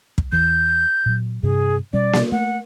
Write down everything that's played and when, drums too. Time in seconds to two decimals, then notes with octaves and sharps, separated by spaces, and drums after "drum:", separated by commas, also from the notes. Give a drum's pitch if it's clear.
0.18 drum: kick
0.32 E2 E3 G6
1.06 A#2 F#3
1.43 G2 C3 G#4
1.93 B2 G3 C#4 D5
2.13 drum: snare A#3
2.32 A3 F#5